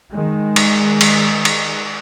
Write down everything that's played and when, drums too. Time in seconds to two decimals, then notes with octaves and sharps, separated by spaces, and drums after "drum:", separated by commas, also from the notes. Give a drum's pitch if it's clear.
0.12 D#3 G#3
0.56 drum: cymbal
1.01 drum: cymbal
1.45 drum: cymbal